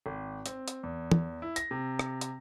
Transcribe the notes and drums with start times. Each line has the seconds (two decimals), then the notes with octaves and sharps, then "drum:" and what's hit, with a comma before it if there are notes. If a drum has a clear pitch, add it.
0.06 G#1
0.46 C4, drum: hi-hat
0.68 drum: hi-hat
0.83 E2
1.12 drum: tom
1.42 E4
1.56 A#6, drum: hi-hat
1.71 C3
1.99 drum: rim click
2.21 drum: hi-hat